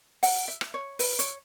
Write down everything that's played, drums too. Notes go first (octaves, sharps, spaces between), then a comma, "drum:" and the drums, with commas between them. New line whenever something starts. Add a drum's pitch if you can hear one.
F#5, drum: open hi-hat
E5
drum: rim click
C#5
B4, drum: open hi-hat
C#5, drum: hi-hat